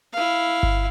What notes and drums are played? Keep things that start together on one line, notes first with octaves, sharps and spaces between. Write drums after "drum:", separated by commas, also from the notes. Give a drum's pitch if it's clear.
E4 F5
drum: kick G1